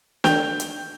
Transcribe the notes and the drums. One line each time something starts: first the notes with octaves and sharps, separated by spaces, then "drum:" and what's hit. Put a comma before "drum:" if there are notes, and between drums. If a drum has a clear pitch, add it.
G5 G6 F7, drum: snare
drum: hi-hat